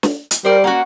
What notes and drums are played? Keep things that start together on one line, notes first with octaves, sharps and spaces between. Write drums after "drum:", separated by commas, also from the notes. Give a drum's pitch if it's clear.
drum: snare
drum: hi-hat
G3 A#4 C5 D5
A#3 C#4 F#4 F#5